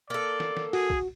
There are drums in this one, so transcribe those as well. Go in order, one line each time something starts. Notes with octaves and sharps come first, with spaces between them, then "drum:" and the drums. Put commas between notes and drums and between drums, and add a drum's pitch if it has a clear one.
A#3 A4 D5
drum: snare
drum: snare
F#4 G#4, drum: open hi-hat
drum: kick B1